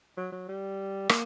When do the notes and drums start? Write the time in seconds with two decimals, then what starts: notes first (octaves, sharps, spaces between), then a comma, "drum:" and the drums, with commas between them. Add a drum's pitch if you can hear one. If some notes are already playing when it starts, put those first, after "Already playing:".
0.17 F#3
0.32 F#3
0.49 G3
1.09 A#3, drum: rim click